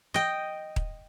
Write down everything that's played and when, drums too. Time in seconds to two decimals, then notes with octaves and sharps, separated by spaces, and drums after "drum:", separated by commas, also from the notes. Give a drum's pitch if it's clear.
0.14 D#5 G5
0.76 drum: kick D#1